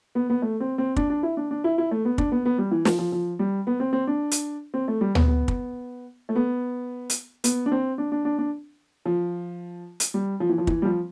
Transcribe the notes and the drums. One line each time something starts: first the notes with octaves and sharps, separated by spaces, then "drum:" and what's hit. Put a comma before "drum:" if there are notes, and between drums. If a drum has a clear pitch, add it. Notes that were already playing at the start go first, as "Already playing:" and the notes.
B3
B3
A3
C4
C4
D4, drum: kick
D4
E4
D4
D4
E4
E4
A3
B3
D4, drum: kick
B3
B3
G3
E3
F3, drum: snare
F3
F3
G3
B3
C4
C4
D4
drum: hi-hat
C4
A3
G3
B3, drum: tom
B3
drum: kick
A3
B3
drum: hi-hat
B3, drum: hi-hat
D4
C4
D4
D4
D4
D4
F3
drum: hi-hat
G3
F3
E3
F3
E3, drum: kick
G3
F3